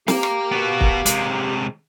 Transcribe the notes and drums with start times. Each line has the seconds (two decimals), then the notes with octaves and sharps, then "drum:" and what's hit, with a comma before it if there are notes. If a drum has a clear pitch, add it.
0.08 G4 F5 A#5, drum: snare
0.23 drum: rim click
0.52 B3 F#4
0.81 drum: kick
1.06 C3 G#3, drum: hi-hat